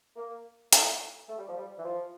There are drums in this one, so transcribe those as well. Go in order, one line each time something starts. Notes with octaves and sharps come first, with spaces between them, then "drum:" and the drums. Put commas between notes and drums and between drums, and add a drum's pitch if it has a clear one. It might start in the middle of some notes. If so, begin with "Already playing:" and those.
A#3
A3, drum: hi-hat
A3
G3
F3
G3
E3
F3